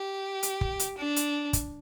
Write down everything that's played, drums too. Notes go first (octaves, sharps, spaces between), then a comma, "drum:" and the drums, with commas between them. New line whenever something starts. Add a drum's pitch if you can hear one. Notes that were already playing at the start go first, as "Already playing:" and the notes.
Already playing: G4
drum: hi-hat
drum: kick
drum: hi-hat
D4
drum: hi-hat
drum: kick, hi-hat